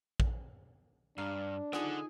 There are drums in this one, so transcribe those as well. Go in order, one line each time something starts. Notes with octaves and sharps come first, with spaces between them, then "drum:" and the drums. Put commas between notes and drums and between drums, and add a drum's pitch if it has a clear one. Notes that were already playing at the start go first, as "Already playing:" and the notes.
drum: kick
G2 D4 F5 A#5
D3 D#4 F4 G#4 A4 D#5 F#5 G#5, drum: rim click